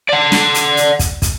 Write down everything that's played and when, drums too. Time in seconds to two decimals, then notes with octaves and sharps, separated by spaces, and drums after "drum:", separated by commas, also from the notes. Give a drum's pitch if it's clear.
0.09 D5 F#5
0.32 drum: snare
0.54 drum: hi-hat
0.77 drum: hi-hat
0.99 drum: kick, hi-hat
1.22 drum: kick, hi-hat